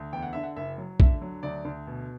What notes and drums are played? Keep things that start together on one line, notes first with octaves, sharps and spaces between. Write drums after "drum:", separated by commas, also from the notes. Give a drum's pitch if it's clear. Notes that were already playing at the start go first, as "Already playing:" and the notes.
Already playing: D2
E2 G5
F#5
D3 E5
F#5
F#1 E5
F#3
D3 E5, drum: kick
F#3
D2 D5
D2
B2